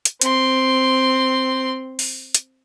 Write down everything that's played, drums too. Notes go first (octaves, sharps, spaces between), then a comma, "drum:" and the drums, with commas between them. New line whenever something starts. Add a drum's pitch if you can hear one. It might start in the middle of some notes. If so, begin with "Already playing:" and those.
drum: hi-hat
C4 C6, drum: hi-hat
drum: open hi-hat
drum: hi-hat